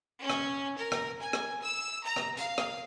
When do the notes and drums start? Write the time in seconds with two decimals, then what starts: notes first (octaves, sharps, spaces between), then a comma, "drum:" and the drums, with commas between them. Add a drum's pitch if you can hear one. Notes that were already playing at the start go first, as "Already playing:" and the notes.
0.20 C#4
0.30 drum: rim click
0.76 A#4
0.92 drum: rim click
1.20 G#5
1.33 drum: rim click
1.61 E6
2.02 A#5
2.16 drum: rim click
2.37 F5, drum: hi-hat
2.58 drum: rim click